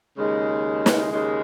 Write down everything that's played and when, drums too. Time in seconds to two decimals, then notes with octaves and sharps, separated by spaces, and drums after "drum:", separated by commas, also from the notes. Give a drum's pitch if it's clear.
0.16 D#2 C#3 G#3
0.86 drum: snare
1.09 D#2 C#3 G#3